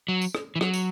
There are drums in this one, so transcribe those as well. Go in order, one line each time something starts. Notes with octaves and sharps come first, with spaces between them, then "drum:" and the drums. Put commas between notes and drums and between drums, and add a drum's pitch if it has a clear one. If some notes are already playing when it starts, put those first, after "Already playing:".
F#3
drum: tambourine
drum: rim click
E3
F#3, drum: rim click
drum: tambourine